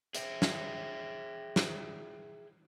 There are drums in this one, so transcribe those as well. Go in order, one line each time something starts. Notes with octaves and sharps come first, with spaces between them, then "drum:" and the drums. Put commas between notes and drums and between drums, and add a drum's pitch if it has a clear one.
G#4 E5 G5, drum: hi-hat
drum: snare
drum: snare